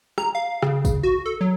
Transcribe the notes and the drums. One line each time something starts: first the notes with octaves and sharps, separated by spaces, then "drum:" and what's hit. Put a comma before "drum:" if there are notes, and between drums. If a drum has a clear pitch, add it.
A#5, drum: rim click
F5
C#3, drum: rim click
drum: kick, tambourine
F#4
A4
F#3